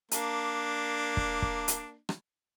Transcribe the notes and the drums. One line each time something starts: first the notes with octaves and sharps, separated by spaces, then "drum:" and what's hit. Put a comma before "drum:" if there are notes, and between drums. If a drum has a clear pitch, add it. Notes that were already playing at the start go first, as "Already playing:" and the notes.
A#3 D4, drum: hi-hat
drum: kick
drum: kick
drum: hi-hat
drum: rim click